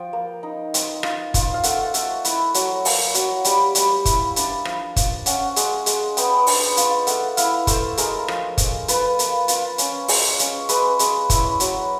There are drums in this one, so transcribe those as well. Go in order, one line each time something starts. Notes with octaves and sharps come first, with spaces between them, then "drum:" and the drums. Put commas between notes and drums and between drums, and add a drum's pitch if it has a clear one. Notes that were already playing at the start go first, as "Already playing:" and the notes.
Already playing: F3 G5
A#3
D#4
C4, drum: hi-hat
F4, drum: rim click
F4, drum: kick, hi-hat
F5
A3 F#5, drum: hi-hat
A3, drum: hi-hat
E4, drum: hi-hat
F#3, drum: hi-hat
A#3, drum: open hi-hat
F#3, drum: hi-hat
G3 G5, drum: hi-hat
G3, drum: hi-hat
E4, drum: kick, hi-hat
D4, drum: hi-hat
F3, drum: rim click
F3, drum: kick, hi-hat
C#4 F#5, drum: hi-hat
G#3, drum: hi-hat
G#3, drum: hi-hat
B3 G5, drum: hi-hat
D4, drum: open hi-hat
F4, drum: hi-hat
A3 F#5, drum: hi-hat
E4 F5, drum: hi-hat
A3 C5, drum: kick, hi-hat
G#3 A#4, drum: hi-hat
F3, drum: rim click
F3, drum: kick, hi-hat
F4 B4, drum: hi-hat
A#3, drum: hi-hat
F4, drum: hi-hat
C#4, drum: hi-hat
G#3, drum: open hi-hat
C#4, drum: hi-hat
G#3 B4, drum: hi-hat
G#3, drum: hi-hat
E4, drum: kick, hi-hat
F#3, drum: hi-hat